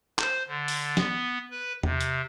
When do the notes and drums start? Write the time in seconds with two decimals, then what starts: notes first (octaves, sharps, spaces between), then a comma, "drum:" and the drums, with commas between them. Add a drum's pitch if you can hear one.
0.19 C5, drum: clap
0.48 D3
0.68 drum: open hi-hat
0.97 B3, drum: snare
1.51 B4
1.83 C3, drum: tom E2
2.01 drum: hi-hat